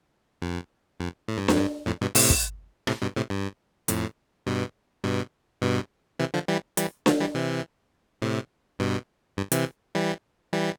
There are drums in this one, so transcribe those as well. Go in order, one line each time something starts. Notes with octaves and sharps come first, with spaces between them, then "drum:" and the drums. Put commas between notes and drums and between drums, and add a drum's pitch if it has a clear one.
F2
F2
A2
G2
F2, drum: snare D4
G2
F2 A2
G2 B2
A2 C3, drum: open hi-hat
drum: kick
A2 C3, drum: rim click
G2 B2
A2 C3
G2
F2 A2, drum: hi-hat
G2 B2
G2 B2
G2 B2
C3 E3
D3 F3
E3 G3
E3 G3, drum: hi-hat
D3 F3, drum: snare D4
E3 G3
C3 E3
A2 C3
G2 B2
G2
C3 E3, drum: hi-hat
E3 G3
E3 G3